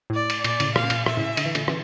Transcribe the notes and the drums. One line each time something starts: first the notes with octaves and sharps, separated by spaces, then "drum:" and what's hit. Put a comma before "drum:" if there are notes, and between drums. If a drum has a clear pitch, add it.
A2 D5
drum: cymbal
A#2 D5, drum: cymbal
A2 C#3, drum: cymbal
A#2 F5, drum: rim click
C#3
A#2, drum: cymbal
A#2 E5, drum: rim click
A2 C#3
D3, drum: cymbal
E3
A#2 D3, drum: cymbal
C#3 E3, drum: rim click